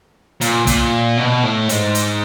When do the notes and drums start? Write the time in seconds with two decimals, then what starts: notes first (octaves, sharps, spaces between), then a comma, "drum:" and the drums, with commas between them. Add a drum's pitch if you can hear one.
0.41 A#2, drum: hi-hat
0.67 A#2, drum: kick, hi-hat
1.18 B2
1.44 A2
1.69 G#2, drum: hi-hat
1.95 drum: hi-hat